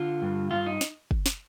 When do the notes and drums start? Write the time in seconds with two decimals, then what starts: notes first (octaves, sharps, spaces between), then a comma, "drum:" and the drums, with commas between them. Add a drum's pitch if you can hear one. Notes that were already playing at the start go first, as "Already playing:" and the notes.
Already playing: D3 F4
0.22 G2
0.51 G2 F4
0.66 D#4
0.81 drum: snare
1.11 drum: kick
1.26 drum: snare